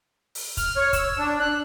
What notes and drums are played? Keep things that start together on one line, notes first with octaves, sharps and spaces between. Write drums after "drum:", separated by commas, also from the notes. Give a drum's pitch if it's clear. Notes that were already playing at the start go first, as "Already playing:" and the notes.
drum: open hi-hat
F6, drum: kick, hi-hat
C#5
E6, drum: kick, hi-hat
D4
F#6